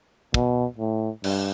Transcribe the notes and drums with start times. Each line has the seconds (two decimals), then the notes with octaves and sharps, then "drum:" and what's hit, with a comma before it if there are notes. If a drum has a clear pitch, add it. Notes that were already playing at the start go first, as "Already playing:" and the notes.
0.34 B2, drum: kick
0.78 A2
1.24 G2, drum: cymbal